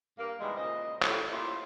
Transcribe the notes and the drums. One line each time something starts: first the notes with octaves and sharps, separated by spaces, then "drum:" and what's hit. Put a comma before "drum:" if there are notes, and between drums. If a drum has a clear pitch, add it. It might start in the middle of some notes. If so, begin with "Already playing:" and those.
G2 A#3
B2 D#3 E3 G3 G#3
A#2 C#3 C5 D#5
A2, drum: clap
A3 A#3 C#4 E4 F4 G4